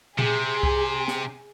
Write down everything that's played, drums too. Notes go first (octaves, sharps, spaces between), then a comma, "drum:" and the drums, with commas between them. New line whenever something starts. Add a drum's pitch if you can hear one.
C3 G#4, drum: tom A#2
drum: kick C2
drum: snare